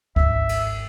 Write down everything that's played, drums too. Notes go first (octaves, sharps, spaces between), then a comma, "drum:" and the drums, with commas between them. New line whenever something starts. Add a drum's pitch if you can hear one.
G#1 F4 E5, drum: kick C#2
drum: cymbal